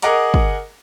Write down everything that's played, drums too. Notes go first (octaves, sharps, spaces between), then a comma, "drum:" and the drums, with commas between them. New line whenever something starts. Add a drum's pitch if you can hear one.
G#4 A#4 D#5 F#5 A#5 D6, drum: hi-hat
drum: kick